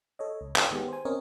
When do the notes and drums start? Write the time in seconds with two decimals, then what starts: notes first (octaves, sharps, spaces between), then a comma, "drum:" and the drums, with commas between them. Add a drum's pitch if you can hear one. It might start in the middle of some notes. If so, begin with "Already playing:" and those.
0.19 A4 C#5 D#5
0.41 C#2
0.56 C#5 G#5, drum: clap
0.71 D#3 G#3 B3 G4
0.88 C5 G#5
1.05 C4 C#4 A#4 C#5 D#5